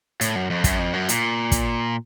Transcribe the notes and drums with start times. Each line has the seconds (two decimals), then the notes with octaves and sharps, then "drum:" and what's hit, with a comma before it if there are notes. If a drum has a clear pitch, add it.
0.21 A2, drum: hi-hat
0.35 F#2
0.50 F2
0.64 F#2, drum: kick, hi-hat
0.79 F2
0.93 F#2
1.09 A#2, drum: hi-hat
1.52 drum: kick, hi-hat